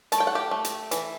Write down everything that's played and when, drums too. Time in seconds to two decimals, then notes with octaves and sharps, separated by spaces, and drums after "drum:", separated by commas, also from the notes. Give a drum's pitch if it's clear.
0.12 A3 A5, drum: hi-hat
0.20 G5
0.27 F#5
0.35 G4 G5
0.51 A3
0.64 drum: hi-hat
0.91 E3, drum: hi-hat